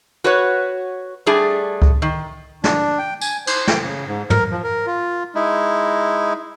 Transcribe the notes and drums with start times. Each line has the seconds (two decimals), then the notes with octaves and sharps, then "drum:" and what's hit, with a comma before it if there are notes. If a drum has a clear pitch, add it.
0.24 F#4 B4 C#5
1.26 G3 A3 D4 G#4
1.82 drum: kick C#2
2.02 D#3
2.64 D4, drum: snare
2.99 G5
3.21 G#5, drum: tambourine
3.47 C5, drum: cymbal
3.67 G5, drum: snare
3.83 C#3
4.08 G#2
4.30 A#4, drum: tom
4.51 F3
4.64 A#4
4.86 F4
5.35 G#3 D#4 E4